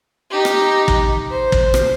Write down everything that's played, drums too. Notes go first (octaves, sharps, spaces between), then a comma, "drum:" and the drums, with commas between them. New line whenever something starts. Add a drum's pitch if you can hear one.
D#4 G4
drum: rim click
drum: kick
C5
drum: kick
drum: rim click